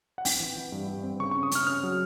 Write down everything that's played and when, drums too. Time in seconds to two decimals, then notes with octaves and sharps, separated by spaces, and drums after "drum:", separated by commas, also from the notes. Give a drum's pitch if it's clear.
0.18 F#5
0.25 C4 G5, drum: open hi-hat
0.40 E3
0.57 E3
0.72 G2
0.88 G2
1.03 C4
1.20 C#3 C#6
1.31 C#4 C#6
1.43 D#6
1.51 C#4 F6, drum: hi-hat
1.67 C#4 F6
1.83 F#3